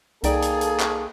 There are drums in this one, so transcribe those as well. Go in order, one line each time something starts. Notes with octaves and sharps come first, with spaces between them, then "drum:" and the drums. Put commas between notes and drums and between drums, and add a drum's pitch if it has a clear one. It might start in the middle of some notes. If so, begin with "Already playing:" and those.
C2 A#3 D#4 G#4 A4 D5 G5, drum: hi-hat
drum: hi-hat
drum: hi-hat
drum: clap